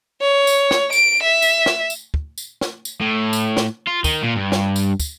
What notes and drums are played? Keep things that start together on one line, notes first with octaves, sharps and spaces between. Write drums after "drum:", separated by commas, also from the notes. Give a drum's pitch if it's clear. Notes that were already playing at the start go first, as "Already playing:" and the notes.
C#5
drum: tambourine
drum: snare
D7, drum: tambourine
E5
drum: tambourine
drum: snare
drum: tambourine
drum: kick
drum: tambourine
drum: snare
drum: tambourine
A2
drum: tambourine
drum: snare
F4
D#3, drum: kick, tambourine
A#2
G2
drum: snare
drum: tambourine
drum: kick, tambourine